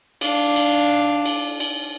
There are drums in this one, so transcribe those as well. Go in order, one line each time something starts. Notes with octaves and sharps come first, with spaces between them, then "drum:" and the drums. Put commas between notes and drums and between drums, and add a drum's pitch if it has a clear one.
D4 F5, drum: cymbal
drum: cymbal
drum: cymbal
drum: cymbal